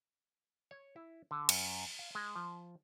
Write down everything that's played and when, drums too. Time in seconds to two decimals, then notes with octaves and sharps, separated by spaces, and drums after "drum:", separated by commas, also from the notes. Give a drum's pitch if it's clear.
0.71 C#5
0.96 E4
1.31 D3
1.49 F#2, drum: cymbal
1.99 F5
2.15 G#3
2.36 F3